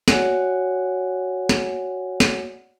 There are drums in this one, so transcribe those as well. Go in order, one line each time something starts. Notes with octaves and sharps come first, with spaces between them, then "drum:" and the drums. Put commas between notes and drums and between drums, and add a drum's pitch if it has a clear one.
F#4 C#5 D5 F#5 G#5, drum: snare
drum: snare
drum: snare